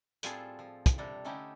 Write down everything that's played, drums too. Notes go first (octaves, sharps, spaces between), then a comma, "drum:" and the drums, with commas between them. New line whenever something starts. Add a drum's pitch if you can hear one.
A2 G3 C4 F4 G#4 A4, drum: hi-hat
F3
drum: kick, hi-hat
C3 G3 D4 A4 A#4 A#5
D3 A3 C#4 D#4 E4 G4